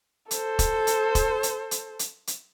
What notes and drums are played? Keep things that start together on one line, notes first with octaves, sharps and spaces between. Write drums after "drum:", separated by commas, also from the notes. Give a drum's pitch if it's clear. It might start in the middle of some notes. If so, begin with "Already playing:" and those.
A4 C5, drum: hi-hat
drum: kick, hi-hat
drum: hi-hat
drum: kick, hi-hat
drum: hi-hat
drum: hi-hat
drum: hi-hat
drum: hi-hat